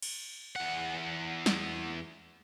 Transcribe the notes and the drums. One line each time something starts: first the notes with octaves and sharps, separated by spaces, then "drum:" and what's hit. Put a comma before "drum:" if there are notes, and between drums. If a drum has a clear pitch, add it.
drum: cymbal
E2 F#5
drum: snare